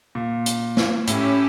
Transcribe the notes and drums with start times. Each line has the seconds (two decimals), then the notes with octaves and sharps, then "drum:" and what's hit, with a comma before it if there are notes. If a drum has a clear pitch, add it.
0.15 A#2
0.46 drum: hi-hat
0.77 drum: snare
1.07 A2 A3 C#4 E4 G4, drum: hi-hat